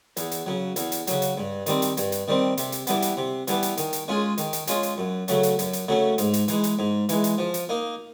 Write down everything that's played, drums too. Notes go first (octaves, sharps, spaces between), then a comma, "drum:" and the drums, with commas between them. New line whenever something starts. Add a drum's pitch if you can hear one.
E2, drum: hi-hat
drum: hi-hat
C#3 F#3
E2, drum: hi-hat
drum: hi-hat
C#3 F#3, drum: hi-hat
drum: hi-hat
G2
D#3 G3 C4, drum: hi-hat
drum: hi-hat
G2, drum: hi-hat
drum: hi-hat
D#3 G3 C4
C3, drum: hi-hat
drum: hi-hat
E3 G3 B3, drum: hi-hat
drum: hi-hat
C3
E3 G3 B3, drum: hi-hat
drum: hi-hat
D#3, drum: hi-hat
drum: hi-hat
G#3 C#4 F4 G#4
D#3, drum: hi-hat
drum: hi-hat
G#3 C#4 F4 G#4, drum: hi-hat
drum: hi-hat
F#2
C#3 F#3 A3 C#4, drum: hi-hat
drum: hi-hat
F#2, drum: hi-hat
drum: hi-hat
C#3 F#3 A3 C#4
G#2, drum: hi-hat
drum: hi-hat
E3 G#3, drum: hi-hat
drum: hi-hat
G#2
E3 G#3, drum: hi-hat
drum: hi-hat
F3
drum: hi-hat
A#3 D#4